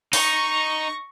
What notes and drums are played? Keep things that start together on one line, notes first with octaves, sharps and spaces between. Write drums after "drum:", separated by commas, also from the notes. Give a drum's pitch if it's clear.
D#4 C#6 A#6, drum: open hi-hat